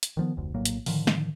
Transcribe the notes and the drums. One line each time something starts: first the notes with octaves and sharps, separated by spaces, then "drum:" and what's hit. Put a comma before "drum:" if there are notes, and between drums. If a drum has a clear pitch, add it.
drum: hi-hat
D#3 F3 B3
F1 D2
A#1 A2 F#3 A#3
drum: hi-hat
A2 D3 D#3 F3, drum: open hi-hat
drum: snare